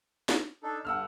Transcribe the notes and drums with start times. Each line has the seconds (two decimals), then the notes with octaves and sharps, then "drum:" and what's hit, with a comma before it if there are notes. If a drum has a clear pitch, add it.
0.29 drum: snare
0.63 D4 D#4 A4
0.85 G2 D3 F#5 E6 F6